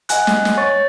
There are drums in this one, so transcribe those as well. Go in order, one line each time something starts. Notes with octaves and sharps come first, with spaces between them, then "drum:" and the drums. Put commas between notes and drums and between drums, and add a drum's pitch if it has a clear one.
D#5 F#5 G#5 F#6, drum: hi-hat
drum: snare
drum: snare
C#5 C#6 A6